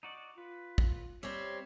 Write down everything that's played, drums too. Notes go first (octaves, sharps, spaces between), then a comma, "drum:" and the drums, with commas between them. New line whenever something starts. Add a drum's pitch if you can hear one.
D#4 F#4 D5
F4 B4
drum: kick
G3 C4 C#5 E5